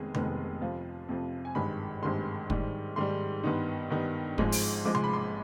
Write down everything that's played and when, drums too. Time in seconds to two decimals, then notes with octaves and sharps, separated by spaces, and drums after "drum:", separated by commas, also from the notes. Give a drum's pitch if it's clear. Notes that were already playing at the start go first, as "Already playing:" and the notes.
Already playing: F1 F2 D#3 G#3 B3 G#4
0.14 F1 F2 D#3 G#3 B3, drum: tom C3
0.61 F2 C3 F3 F5
1.09 F2 C3 F3
1.45 G#5
1.55 G#1 G2 D#3 G#3 B5
2.02 G#1 G2 D#3 G#3 C6
2.50 G#2 D#3 G3, drum: kick
2.96 G#2 D#3 G3 C6
3.43 G2 D#3 B3 D#4
3.90 G2 D#3 B3 D#4
4.38 G#1 G#2 F3 G#3, drum: kick
4.52 drum: open hi-hat
4.85 G#1 G#2 F3 G#3 D6
4.95 C6, drum: tom C3
5.04 B5
5.13 C6